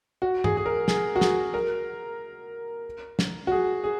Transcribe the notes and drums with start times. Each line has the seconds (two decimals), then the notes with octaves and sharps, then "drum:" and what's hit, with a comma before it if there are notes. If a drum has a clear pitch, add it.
0.22 F#4
0.44 G#4, drum: tom G2
0.57 G#4
0.66 A#4
0.88 G#4, drum: snare
1.16 F#4
1.21 G#4, drum: snare
1.54 A#4
3.19 drum: snare
3.47 F#4
3.52 G#4
3.84 G#4